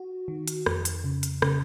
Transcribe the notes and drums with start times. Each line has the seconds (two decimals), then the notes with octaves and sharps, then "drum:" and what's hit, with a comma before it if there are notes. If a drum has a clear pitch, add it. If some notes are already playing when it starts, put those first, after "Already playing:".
Already playing: F#4
0.28 D#3
0.48 drum: hi-hat
0.66 F2, drum: rim click
0.85 drum: hi-hat
1.04 C#3
1.23 drum: hi-hat
1.42 C#3, drum: rim click